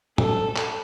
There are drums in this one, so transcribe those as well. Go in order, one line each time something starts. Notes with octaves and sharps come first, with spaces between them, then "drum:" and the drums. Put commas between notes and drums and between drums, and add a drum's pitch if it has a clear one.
A4, drum: tom
drum: clap